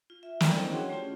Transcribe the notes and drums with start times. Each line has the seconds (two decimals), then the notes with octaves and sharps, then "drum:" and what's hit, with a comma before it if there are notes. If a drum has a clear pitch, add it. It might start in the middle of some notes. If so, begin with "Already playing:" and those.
0.10 F4
0.23 E5
0.41 B3 A4 A#4 D5 G5, drum: snare
0.55 C#4 D4 E4 C5 D#5
0.71 F#4 G#4 C#5 F#5 G5 C6
0.90 A3 C#4 F4 G4